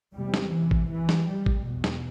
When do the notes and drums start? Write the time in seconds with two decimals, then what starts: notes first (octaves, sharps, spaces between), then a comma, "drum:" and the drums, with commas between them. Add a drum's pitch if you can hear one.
0.15 E2 C3 G3
0.34 drum: snare
0.52 E3
0.71 drum: kick G#1
0.90 E3
1.09 drum: snare
1.28 G3
1.46 drum: kick G#1
1.65 E2 B2
1.84 drum: snare